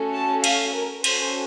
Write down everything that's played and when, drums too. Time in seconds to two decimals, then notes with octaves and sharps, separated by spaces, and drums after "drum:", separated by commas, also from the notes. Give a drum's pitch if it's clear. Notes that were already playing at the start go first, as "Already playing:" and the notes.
Already playing: A3 C#4 F#4 A4
0.14 A5
0.44 F5, drum: cymbal
0.74 A#4
1.04 C#4 F#4 A4 C5, drum: cymbal